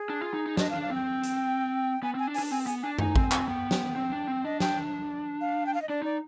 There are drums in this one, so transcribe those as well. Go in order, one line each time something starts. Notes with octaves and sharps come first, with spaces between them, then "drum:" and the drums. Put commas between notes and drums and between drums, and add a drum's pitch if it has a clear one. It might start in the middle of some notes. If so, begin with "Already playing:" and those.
Already playing: G#4
D4
F4
D#4
D#4
D4 D#5, drum: snare
F5
D4
F5
C4 G5
drum: hi-hat
B3 G#5
C4 G#5
D4
G#5, drum: open hi-hat
D4
C4 G#5
B3 G#5, drum: hi-hat
D4 G#5
D#4 G#5, drum: tom F#2
C4, drum: kick
C4, drum: clap
B3 G5
drum: snare
C4
D4
C4
D4 D#5
G5, drum: snare
F5
G5
F5
D#5
D4 D5
D#4 D5